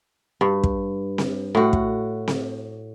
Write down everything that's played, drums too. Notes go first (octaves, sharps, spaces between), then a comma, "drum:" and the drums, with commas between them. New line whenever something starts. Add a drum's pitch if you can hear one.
G2
drum: kick
drum: snare C4
A2 F#4
drum: kick
drum: snare C4